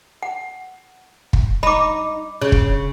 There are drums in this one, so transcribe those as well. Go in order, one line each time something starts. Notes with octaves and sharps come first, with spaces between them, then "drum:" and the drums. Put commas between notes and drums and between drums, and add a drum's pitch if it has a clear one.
F#5
drum: kick
D#4 B5 D6
C#3 C#5
drum: kick